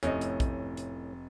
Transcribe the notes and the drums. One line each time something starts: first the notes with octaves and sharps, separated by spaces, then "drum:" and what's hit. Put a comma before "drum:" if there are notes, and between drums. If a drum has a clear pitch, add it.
F1 A2 C#4 D#5, drum: hi-hat
drum: hi-hat
drum: kick A#1, hi-hat
drum: hi-hat